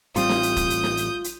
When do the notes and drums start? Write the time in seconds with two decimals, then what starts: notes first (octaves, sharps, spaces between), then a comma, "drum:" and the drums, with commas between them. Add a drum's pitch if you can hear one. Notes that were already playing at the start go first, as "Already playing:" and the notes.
0.16 A1 G3 C4 F4 D#6 G6, drum: hi-hat
0.29 drum: snare
0.43 drum: hi-hat
0.56 drum: kick, hi-hat
0.70 drum: hi-hat
0.84 drum: snare
0.97 drum: hi-hat
1.24 drum: hi-hat